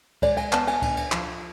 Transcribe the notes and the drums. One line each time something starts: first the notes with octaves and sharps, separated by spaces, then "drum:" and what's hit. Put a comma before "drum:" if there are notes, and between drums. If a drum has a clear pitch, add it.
G#3 D5, drum: kick C#2, cymbal
G#5, drum: cymbal
B3 A5, drum: clap
G#5, drum: cymbal
D4, drum: kick C#2, cymbal
drum: cymbal
F3, drum: clap